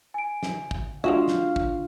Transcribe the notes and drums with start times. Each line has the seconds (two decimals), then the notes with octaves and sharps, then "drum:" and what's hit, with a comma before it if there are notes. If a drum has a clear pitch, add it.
0.14 G#5 D7
0.43 drum: snare
0.71 drum: kick
1.04 G#3 D4 F4 F#4 E5 F5 C#6
1.28 drum: snare
1.56 drum: kick